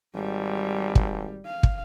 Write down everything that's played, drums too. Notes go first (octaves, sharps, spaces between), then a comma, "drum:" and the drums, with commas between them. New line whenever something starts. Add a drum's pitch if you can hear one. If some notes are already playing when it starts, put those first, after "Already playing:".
G#1 G3
drum: kick
F5
drum: kick